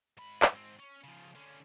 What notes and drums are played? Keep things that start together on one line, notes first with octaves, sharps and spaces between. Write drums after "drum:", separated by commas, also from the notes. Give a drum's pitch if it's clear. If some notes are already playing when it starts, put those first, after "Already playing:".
G#2 B5
drum: clap
G#2 C4
C#4
C#3 F3
D3 C#4